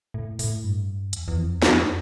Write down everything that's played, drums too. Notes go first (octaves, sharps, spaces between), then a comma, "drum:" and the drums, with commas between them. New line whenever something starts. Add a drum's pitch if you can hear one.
A2
A2, drum: open hi-hat
G2
E2, drum: hi-hat
E2
F2
F2, drum: snare